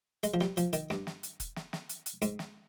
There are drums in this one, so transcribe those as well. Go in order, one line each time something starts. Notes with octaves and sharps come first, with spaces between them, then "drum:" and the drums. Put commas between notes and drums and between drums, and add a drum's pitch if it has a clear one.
G#3, drum: hi-hat
F3
G3, drum: snare
F3, drum: hi-hat
D#3, drum: hi-hat
G2, drum: snare
drum: snare
drum: hi-hat
drum: kick, hi-hat
drum: snare
drum: snare
drum: hi-hat
drum: hi-hat
G#2, drum: hi-hat
drum: snare